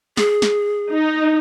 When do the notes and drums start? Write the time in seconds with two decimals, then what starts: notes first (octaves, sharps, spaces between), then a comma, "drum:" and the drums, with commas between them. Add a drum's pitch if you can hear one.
0.17 G#4, drum: snare
0.42 drum: snare
0.91 D#4